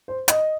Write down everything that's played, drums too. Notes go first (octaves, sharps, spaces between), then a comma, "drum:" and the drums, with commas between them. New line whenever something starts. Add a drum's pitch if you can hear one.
C5
D#5, drum: hi-hat